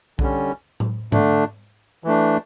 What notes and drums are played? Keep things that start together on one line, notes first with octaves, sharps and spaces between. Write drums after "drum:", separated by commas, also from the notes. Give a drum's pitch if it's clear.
D3 G3 C#4, drum: kick B1
drum: tom A2
D3 A3 D4, drum: tom G#2
E3 A3 D4